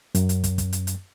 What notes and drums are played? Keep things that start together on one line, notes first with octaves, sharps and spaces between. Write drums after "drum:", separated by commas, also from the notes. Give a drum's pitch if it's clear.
F#2, drum: hi-hat
drum: hi-hat
drum: kick, hi-hat
drum: kick, hi-hat
drum: hi-hat
drum: hi-hat